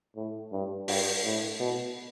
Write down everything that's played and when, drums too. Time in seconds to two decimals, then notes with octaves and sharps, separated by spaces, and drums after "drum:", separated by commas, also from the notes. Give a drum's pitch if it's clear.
0.16 A2
0.52 G2
0.88 G2, drum: open hi-hat
1.24 A2
1.60 B2